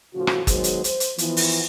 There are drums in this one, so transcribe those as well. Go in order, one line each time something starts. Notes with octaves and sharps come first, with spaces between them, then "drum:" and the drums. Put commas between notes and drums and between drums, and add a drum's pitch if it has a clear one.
A2 C#3 F3 F#4
drum: rim click
D#3 F#3 G#3 B3 G#4 C5, drum: kick, hi-hat
drum: hi-hat
C5, drum: hi-hat
drum: hi-hat
E3 F3 B3, drum: hi-hat
drum: open hi-hat